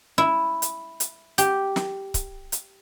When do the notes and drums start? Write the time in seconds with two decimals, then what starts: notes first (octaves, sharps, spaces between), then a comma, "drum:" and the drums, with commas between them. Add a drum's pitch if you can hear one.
0.18 E4
0.62 drum: hi-hat
1.00 drum: hi-hat
1.38 G4, drum: hi-hat
1.76 drum: snare
2.14 drum: kick C#1, hi-hat
2.52 drum: hi-hat